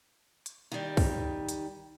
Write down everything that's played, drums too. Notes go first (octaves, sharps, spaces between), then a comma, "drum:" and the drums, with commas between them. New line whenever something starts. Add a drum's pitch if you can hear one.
drum: hi-hat
D#3 G3
drum: kick, open hi-hat
drum: hi-hat